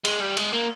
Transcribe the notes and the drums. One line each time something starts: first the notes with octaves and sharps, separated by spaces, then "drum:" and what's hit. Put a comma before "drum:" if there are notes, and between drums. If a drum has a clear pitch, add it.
G#3, drum: cymbal
G3
G#3, drum: cymbal
A#3